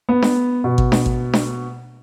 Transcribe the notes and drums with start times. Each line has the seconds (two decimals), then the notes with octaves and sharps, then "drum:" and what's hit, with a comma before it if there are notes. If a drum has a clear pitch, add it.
0.09 B3
0.22 drum: snare D4
0.64 B2
0.78 drum: kick
0.92 drum: snare D4
1.06 drum: kick
1.33 drum: snare D4